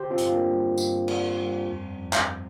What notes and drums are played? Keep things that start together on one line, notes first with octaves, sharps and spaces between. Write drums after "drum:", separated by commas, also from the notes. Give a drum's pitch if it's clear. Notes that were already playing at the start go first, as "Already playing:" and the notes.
Already playing: D3 G4 C5
C4 F4
G2, drum: hi-hat
F4
A#3 D4
G3
G2 C4, drum: tambourine
G2, drum: cymbal
G3
F2
F2
drum: clap